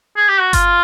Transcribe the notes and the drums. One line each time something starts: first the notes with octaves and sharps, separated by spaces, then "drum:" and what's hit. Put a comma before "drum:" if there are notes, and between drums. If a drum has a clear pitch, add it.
G#4
G4
F#4
F4, drum: kick G1, hi-hat